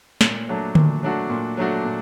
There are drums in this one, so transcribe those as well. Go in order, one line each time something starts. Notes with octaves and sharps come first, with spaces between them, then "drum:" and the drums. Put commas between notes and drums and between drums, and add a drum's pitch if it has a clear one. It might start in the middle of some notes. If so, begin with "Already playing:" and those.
A#2, drum: snare
F#3 A3 D4 F#4
A#2, drum: tom D3
F#3 A3 D4 F#4
A#2
F#3 A3 D4 F#4
A#2